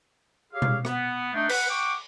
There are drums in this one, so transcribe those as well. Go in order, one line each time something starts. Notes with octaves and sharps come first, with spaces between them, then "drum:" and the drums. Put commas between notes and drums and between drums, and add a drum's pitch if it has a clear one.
G4 G#4 C#5 F5
drum: tom B2
B3, drum: rim click
A3 D4 D#4
B4 F#5, drum: cymbal
F#5 G5 C#6 D6